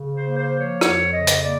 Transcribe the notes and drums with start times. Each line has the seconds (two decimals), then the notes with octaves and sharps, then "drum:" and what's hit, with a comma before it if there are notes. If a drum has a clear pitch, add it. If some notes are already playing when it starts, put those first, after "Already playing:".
Already playing: C#3
0.15 C5
0.22 A#3
0.37 C5
0.52 F3
0.60 C#5
0.81 F2 C#5, drum: rim click
1.12 C#3 D#5
1.27 drum: hi-hat
1.42 A#3 D5